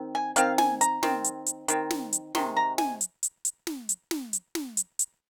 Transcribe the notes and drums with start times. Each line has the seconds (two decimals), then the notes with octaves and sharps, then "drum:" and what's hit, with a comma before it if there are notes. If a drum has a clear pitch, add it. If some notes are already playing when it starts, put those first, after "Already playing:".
Already playing: D#3 C4
0.15 G#5
0.36 D#3 C4 F5, drum: hi-hat
0.58 G#5, drum: snare
0.81 A#5, drum: hi-hat
1.03 D#3 C4, drum: snare
1.24 drum: hi-hat
1.46 drum: hi-hat
1.68 D#3 C4, drum: hi-hat
1.91 drum: snare
2.13 drum: hi-hat
2.35 C3 D#3 G#3 C6, drum: snare
2.56 A#5
2.78 G#5, drum: snare
3.01 drum: hi-hat
3.23 drum: hi-hat
3.45 drum: hi-hat
3.67 drum: snare
3.89 drum: hi-hat
4.11 drum: snare
4.33 drum: hi-hat
4.55 drum: snare
4.77 drum: hi-hat
4.99 drum: hi-hat